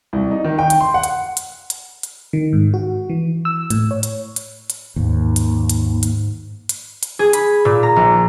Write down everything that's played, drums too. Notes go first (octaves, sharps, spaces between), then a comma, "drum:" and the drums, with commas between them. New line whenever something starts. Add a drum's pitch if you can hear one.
C2
D#4
D#3
G5
drum: hi-hat
C6
F#5
drum: hi-hat
drum: hi-hat
drum: hi-hat
drum: hi-hat
D#3
G#2
F#4
E3
E6
A2, drum: hi-hat
C#5
drum: hi-hat
drum: hi-hat
drum: hi-hat
D#2 G#2
drum: hi-hat
drum: hi-hat
drum: hi-hat
drum: hi-hat
drum: hi-hat
G#4
B5, drum: hi-hat
A#2
A#5
A#1